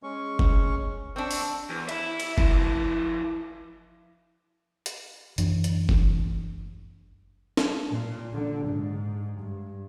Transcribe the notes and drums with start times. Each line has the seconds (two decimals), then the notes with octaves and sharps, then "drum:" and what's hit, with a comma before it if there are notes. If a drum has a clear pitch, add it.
0.03 G#3 C#4 C#6
0.39 drum: kick F#1
1.16 C4 D4 C#6 E6
1.31 drum: open hi-hat
1.70 E2
1.89 E5 B5, drum: cymbal
2.20 drum: cymbal
2.38 F3 E4, drum: kick F#1
4.86 drum: hi-hat
5.38 F#2 E3 D4, drum: hi-hat
5.64 drum: hi-hat
5.89 drum: kick F#1
7.57 drum: snare
7.88 A#2
8.33 D3
8.67 G#2
9.41 G2